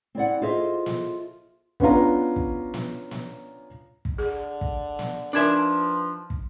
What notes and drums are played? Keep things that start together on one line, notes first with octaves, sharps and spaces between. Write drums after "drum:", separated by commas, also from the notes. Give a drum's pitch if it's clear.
C4 E4 D5 F#5
F4 G#4 A4 C5 D#5 E5
drum: snare
B3 C#4 D4 F4 A#5, drum: kick
drum: kick
drum: snare
drum: snare
drum: kick
D3 G#4
drum: kick
drum: snare
F3 D4 D#4 A#4 B4 E5 G#5
drum: kick